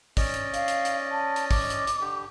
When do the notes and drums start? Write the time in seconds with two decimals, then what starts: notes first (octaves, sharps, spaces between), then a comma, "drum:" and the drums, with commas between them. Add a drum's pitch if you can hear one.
0.17 C#4 D5 D#5, drum: kick, open hi-hat
0.34 drum: hi-hat
0.54 F5, drum: hi-hat
0.68 drum: hi-hat
0.85 drum: hi-hat
1.11 A5
1.36 drum: hi-hat
1.51 D6, drum: kick, open hi-hat
1.70 drum: hi-hat
1.87 drum: hi-hat
2.01 D3 G4